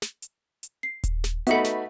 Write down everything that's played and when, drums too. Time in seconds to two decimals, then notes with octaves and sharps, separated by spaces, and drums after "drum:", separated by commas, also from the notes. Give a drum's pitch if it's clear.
0.02 drum: snare
0.22 drum: hi-hat
0.63 drum: hi-hat
0.83 C7
1.04 drum: kick D#1, hi-hat
1.24 drum: snare
1.47 A3 B3 D#4 F#4 E5 F#5 B5, drum: hi-hat
1.64 drum: snare